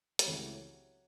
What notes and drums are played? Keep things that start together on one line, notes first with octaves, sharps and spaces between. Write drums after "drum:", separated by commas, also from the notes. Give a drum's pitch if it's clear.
G3, drum: hi-hat
C#2 C#3 E3 F#3 A3 C4